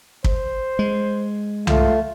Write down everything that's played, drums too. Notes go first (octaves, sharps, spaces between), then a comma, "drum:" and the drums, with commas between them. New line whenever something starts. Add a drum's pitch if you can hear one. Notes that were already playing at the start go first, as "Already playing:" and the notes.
C5, drum: kick
G#3
A3 F4, drum: tom C2